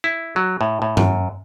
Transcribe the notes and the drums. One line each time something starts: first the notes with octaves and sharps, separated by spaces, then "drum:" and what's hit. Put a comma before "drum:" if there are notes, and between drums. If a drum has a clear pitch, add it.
E4
F#3
A2
A2
F#2, drum: tom G2